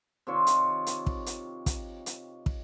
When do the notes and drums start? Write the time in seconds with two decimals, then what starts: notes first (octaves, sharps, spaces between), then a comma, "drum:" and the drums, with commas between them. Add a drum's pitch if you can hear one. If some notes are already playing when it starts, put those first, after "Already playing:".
0.27 C3 D#3 F4 C#5
0.47 drum: hi-hat
0.87 drum: hi-hat
1.06 drum: kick
1.26 drum: hi-hat
1.66 drum: kick, hi-hat
2.06 drum: hi-hat
2.46 drum: kick